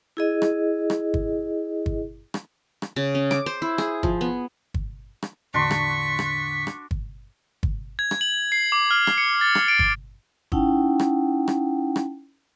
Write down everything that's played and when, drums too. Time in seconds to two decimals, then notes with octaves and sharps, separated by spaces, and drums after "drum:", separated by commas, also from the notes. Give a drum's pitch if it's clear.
0.17 E4 G#4 D#5
0.42 drum: rim click
0.90 drum: rim click
1.14 drum: kick G1
1.86 drum: kick G1
2.34 drum: rim click
2.82 drum: rim click
2.96 C#3
3.15 C#4
3.31 D6, drum: rim click
3.46 C5
3.62 E4
3.78 G#4, drum: rim click
4.03 F3, drum: kick G1
4.21 B3
4.74 drum: kick G1
5.22 drum: rim click
5.54 E2 A2 D3 D4 F#4 C6 C#6 B6
5.71 drum: rim click
6.19 drum: rim click
6.67 drum: rim click
6.91 drum: kick G1
7.63 drum: kick G1
7.99 G#6
8.11 drum: rim click
8.21 F#7
8.52 C7
8.72 D6
8.91 F6
9.07 drum: rim click
9.18 C#7
9.41 A6
9.55 drum: rim click
9.68 D7
9.79 drum: kick G1
10.52 C#4 D#4 E4 F#5 G5 A5, drum: kick G1
10.99 drum: rim click
11.48 drum: rim click
11.96 drum: rim click